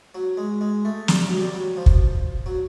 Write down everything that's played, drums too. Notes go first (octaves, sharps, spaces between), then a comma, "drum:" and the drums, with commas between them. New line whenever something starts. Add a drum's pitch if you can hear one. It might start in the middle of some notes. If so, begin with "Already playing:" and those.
F#3
G#3
G#3
A3
G3, drum: snare
F#3
G3
F#3
F3
drum: kick
F#3